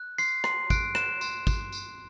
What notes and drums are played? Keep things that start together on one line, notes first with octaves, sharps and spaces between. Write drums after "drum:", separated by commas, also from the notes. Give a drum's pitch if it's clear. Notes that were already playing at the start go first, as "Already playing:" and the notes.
Already playing: F#6
C6 C7, drum: tambourine
C6 C7, drum: rim click
F#6 D7, drum: kick, tambourine
F#6 E7, drum: rim click
C6, drum: tambourine
drum: kick, tambourine
drum: tambourine